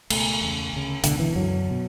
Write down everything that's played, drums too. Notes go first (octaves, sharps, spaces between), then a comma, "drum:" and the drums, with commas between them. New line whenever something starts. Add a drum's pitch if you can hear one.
C#2 B2 A3, drum: cymbal
E2 C#3
D2 C#3
C#2 B2 D3, drum: hi-hat
E3
F#2 D3 F#3
B2